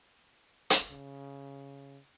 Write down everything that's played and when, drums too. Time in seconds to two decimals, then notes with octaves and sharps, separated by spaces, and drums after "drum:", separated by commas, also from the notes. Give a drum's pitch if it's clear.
0.70 drum: hi-hat
0.90 C#3